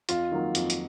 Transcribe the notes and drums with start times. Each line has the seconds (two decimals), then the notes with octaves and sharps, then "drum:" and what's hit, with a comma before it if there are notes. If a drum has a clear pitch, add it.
0.09 F2 F4, drum: hi-hat
0.32 D#3 F#3 A#3
0.55 F2, drum: hi-hat
0.70 drum: hi-hat